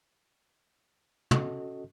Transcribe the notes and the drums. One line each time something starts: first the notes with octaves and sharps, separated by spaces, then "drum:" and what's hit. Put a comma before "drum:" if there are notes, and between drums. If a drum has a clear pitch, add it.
C#4 F#4 A4 D#5, drum: tom